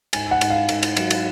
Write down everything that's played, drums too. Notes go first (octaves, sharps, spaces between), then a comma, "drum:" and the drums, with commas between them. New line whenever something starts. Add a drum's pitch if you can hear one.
G#2 G#5, drum: cymbal
F#5
G#2, drum: cymbal
F5
G#2, drum: cymbal
drum: cymbal
F#3, drum: cymbal
drum: cymbal